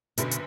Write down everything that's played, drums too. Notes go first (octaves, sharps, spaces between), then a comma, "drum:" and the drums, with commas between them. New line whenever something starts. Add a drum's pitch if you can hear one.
F#1 F#2 B2 D3, drum: hi-hat
drum: hi-hat